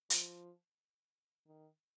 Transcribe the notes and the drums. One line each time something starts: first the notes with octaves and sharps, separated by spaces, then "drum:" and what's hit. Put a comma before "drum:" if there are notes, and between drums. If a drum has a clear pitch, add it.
F3, drum: hi-hat
D#3